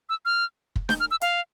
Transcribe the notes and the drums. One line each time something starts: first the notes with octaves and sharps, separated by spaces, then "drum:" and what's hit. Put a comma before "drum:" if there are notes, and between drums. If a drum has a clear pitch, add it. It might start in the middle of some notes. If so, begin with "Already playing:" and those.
E6
F6
drum: kick
G6, drum: snare
F6
E6
F5, drum: hi-hat